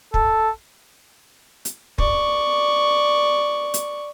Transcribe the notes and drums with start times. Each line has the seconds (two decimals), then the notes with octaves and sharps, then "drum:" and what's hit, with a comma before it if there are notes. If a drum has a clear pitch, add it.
0.14 A4, drum: kick
1.65 drum: hi-hat
1.98 D5 C#6, drum: kick
3.74 drum: hi-hat